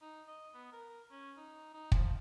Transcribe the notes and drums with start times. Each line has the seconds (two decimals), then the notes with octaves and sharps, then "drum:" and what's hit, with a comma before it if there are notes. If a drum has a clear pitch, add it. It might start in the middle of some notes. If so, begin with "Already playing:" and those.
0.02 D#4
0.28 D#5
0.54 B3
0.72 A#4
1.11 C#4
1.37 D#4
1.74 D#4
1.92 F3, drum: kick